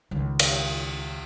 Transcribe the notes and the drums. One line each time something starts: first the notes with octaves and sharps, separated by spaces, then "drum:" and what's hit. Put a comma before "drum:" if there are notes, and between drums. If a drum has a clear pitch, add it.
C#2 D#3
drum: cymbal